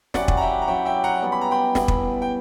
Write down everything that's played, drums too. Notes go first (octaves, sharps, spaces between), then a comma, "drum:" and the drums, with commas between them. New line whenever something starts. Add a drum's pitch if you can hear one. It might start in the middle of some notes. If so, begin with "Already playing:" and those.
F#3 C#4 E4 G4 D5 F#5, drum: snare
drum: kick
A#5
E5 G5
A#5
F#3 C#4 E4 G4 E5 G5
E5 G5
F#5 A#5
G3 B3 E4
B5
A#5
G5 B5
G3 B3 E4, drum: snare
drum: kick
G5